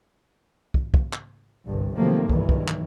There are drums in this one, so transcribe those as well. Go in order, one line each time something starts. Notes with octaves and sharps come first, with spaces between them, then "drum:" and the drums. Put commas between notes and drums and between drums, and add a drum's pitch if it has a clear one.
drum: kick
drum: kick
drum: clap
G1 C2 G2
C3 D#3 F3 F#3 A3 A#3
B1 E2 G2 D#3 E3, drum: kick
drum: kick
drum: clap